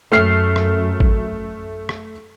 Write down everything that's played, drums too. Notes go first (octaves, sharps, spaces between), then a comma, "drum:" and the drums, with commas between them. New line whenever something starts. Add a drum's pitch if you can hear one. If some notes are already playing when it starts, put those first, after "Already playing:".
F#2 A3 F6 C7
drum: rim click
drum: kick G#1
drum: rim click